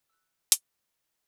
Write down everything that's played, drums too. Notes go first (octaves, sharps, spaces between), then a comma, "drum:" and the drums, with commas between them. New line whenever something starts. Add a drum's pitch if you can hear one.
E6 F#6
drum: hi-hat